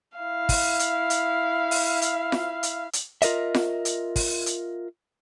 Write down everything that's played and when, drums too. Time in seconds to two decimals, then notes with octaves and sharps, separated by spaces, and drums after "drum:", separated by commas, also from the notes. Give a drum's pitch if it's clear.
0.18 E4 F5
0.49 drum: kick, open hi-hat
0.79 drum: hi-hat
1.10 drum: hi-hat
1.71 drum: open hi-hat
2.02 drum: hi-hat
2.32 drum: snare F4
2.63 drum: hi-hat
2.93 drum: hi-hat
3.22 F4 A#4 D#5 E5, drum: hi-hat
3.54 drum: snare F4
3.85 drum: hi-hat
4.16 drum: kick, open hi-hat
4.46 drum: hi-hat